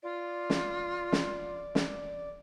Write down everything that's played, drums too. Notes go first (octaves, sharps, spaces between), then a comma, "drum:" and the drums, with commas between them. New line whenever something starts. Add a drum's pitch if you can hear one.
F4 D5
drum: snare
drum: snare
drum: snare